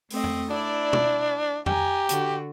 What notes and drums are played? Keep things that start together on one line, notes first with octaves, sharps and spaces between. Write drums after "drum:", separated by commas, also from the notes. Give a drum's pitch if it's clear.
A3 C4 D#5, drum: open hi-hat
drum: tom F2
D4 E4 D5
drum: tom
G4 G#5 A#5, drum: tom F2
D3 F#4, drum: hi-hat